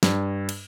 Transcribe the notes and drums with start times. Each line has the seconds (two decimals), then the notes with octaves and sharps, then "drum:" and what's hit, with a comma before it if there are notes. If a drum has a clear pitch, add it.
0.03 G2, drum: snare
0.49 drum: cymbal